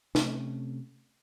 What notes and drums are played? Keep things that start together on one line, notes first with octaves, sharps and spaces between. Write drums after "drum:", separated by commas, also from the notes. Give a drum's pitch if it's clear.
C3 A3 C#4, drum: snare